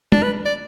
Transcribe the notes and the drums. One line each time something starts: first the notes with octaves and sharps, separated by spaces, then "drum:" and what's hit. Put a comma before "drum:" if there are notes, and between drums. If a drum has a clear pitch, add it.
D4, drum: tom
B4
D5